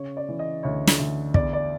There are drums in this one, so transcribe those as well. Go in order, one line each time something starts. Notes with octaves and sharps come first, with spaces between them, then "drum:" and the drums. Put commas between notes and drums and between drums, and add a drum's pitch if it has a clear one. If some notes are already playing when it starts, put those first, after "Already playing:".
Already playing: C#3 C#5
D5
E3
D#5
D2 C#5
drum: snare
D2
E2 D5, drum: kick
D5